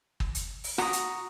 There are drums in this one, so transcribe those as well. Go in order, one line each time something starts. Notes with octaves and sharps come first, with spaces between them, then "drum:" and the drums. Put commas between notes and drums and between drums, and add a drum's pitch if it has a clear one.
drum: kick G1
drum: hi-hat
drum: open hi-hat
F#4 A#5 D#6, drum: rim click
drum: hi-hat